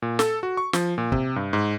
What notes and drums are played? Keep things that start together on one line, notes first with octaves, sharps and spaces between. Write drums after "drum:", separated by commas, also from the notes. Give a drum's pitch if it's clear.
A#2
A4, drum: snare
F#4
C#6
F3, drum: snare
A#2
C3, drum: kick
G2
G#2